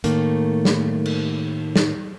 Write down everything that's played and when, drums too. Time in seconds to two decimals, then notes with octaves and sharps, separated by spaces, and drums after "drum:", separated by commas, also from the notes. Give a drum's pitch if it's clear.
0.04 A2 D#3 A3 A#3, drum: hi-hat
0.65 drum: snare
1.05 drum: cymbal
1.76 drum: snare